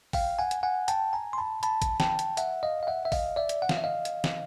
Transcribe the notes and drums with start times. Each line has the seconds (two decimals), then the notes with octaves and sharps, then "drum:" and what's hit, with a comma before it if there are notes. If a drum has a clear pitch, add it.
0.13 F5 G5, drum: kick, open hi-hat
0.39 F#5 G#5
0.51 drum: hi-hat
0.63 F#5 G#5
0.88 G5 A5, drum: hi-hat
1.13 G#5 A#5
1.33 C6
1.38 A5 B5
1.63 A5 B5, drum: hi-hat
1.82 drum: kick, hi-hat
2.00 G5 A5, drum: snare
2.19 drum: hi-hat
2.37 E5 F#5, drum: hi-hat
2.63 D#5 F5
2.83 F5
2.87 E5 F#5
3.05 E5
3.12 D#5 F5, drum: kick, open hi-hat
3.36 D5 E5
3.49 drum: hi-hat
3.62 F#5
3.69 F5, drum: snare
3.77 E5
3.84 D#5 F5
4.05 drum: hi-hat
4.24 drum: snare